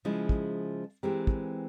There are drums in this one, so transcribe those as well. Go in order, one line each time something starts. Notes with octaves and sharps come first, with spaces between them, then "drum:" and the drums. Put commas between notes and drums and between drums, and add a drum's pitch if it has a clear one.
C#3 F3 G#3 E4
drum: kick
E3 G#3 C4 G4 A#4
drum: kick